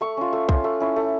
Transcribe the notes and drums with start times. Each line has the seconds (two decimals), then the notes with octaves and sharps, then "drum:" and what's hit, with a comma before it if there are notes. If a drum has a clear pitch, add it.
0.01 A3 C#6
0.17 C#4 F4
0.33 A3
0.49 C#4 F4, drum: kick
0.64 A3
0.80 C#4 E4
0.96 A3